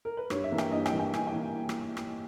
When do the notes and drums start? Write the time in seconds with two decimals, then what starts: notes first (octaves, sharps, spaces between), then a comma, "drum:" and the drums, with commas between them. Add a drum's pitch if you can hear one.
0.05 A#4
0.17 B4
0.30 G2 C#5, drum: rim click
0.44 E5
0.52 E3 A#3
0.58 G5, drum: rim click
0.72 G2 D#5
0.86 G5, drum: rim click
0.93 E3 A#3
0.99 G5
1.14 G2 G#5, drum: rim click
1.27 G5
1.34 E3 A#3
1.69 drum: rim click
1.97 drum: rim click